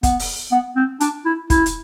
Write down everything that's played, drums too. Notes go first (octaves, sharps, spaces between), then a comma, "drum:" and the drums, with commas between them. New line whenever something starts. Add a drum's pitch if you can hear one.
B3, drum: kick, hi-hat
drum: open hi-hat
B3
C4
D4, drum: hi-hat
E4
E4, drum: kick, hi-hat
drum: hi-hat